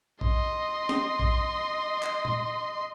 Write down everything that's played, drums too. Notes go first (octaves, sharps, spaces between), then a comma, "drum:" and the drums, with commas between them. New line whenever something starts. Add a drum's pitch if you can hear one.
D#5 C6, drum: kick A#1
drum: snare
drum: kick A#1
drum: clap
drum: tom A#2